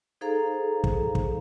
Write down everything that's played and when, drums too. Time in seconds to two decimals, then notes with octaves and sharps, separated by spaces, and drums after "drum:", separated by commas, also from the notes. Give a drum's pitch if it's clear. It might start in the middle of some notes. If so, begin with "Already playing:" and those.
0.21 D#4 G#4 A4 C5 F5 A#5
0.84 drum: kick
1.15 drum: kick